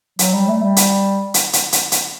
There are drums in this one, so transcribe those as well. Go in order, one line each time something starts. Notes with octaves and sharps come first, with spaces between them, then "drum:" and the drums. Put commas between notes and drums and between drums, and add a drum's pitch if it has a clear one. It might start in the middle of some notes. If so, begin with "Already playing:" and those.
F#3, drum: hi-hat
G3
A3
G3
drum: hi-hat
drum: hi-hat
drum: hi-hat
drum: hi-hat
drum: hi-hat